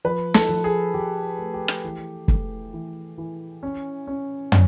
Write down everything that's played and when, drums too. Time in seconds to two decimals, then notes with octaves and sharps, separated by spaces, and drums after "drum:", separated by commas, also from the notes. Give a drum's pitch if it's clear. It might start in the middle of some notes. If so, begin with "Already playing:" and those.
0.04 F3 B4
0.34 A4, drum: snare
0.49 F3
0.64 G#4
0.94 F3 G4
1.38 A3
1.54 G4
1.68 drum: rim click
1.84 E3
2.28 A3, drum: kick
2.73 E3
3.18 E3
3.63 C#4
4.07 C#4
4.52 C#4, drum: tom